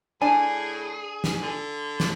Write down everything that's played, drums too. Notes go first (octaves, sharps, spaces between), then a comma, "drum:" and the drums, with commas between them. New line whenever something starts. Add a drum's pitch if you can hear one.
A2 D4 G#4 G#5
drum: snare
D3
drum: snare